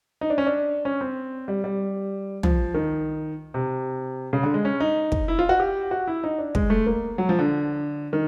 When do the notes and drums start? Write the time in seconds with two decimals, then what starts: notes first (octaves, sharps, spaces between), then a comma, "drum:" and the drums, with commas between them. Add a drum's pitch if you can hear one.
0.21 D#4
0.30 D4
0.38 C#4
0.47 D4
0.85 C#4
1.01 C4
1.48 G3
1.64 G3
2.43 F3, drum: tom
2.74 D#3
3.54 C3
4.33 C#3
4.43 D3
4.54 G#3
4.65 C#4
4.80 D#4
5.12 drum: kick
5.28 E4
5.39 F4
5.49 F#4
5.60 G4
5.91 F#4
6.08 E4
6.24 D#4
6.38 D4
6.55 G#3, drum: kick
6.70 A3
6.87 A#3
7.18 F#3
7.29 F3
7.39 D3
8.13 D#3